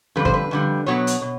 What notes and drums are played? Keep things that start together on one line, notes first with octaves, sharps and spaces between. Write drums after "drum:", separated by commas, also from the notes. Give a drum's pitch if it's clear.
F2 D3 G3 B4
C5, drum: kick G1
B4
F2 D3 G3
B2 F#3 B3 C#5
drum: hi-hat
B2